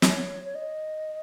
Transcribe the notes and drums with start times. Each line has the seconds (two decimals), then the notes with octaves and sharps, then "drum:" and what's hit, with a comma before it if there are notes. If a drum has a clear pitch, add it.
0.02 C#5, drum: snare
0.45 C#5
0.55 D#5